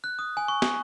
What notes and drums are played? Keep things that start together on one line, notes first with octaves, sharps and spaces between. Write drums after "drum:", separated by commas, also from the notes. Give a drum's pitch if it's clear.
F#6
D#6
G#5
C#6
drum: snare